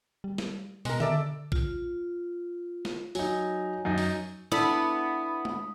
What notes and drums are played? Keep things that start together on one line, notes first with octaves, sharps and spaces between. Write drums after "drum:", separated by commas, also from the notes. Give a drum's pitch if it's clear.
G3
drum: snare
B2 G#3 A#4, drum: open hi-hat
A4 D5 E5, drum: tom D3
F4, drum: kick A1
drum: snare
F#3 D#4 G#5, drum: open hi-hat
F#2 D#4
drum: open hi-hat
B3 D4 E4 A4 D5 D#6 B6
drum: tom G#3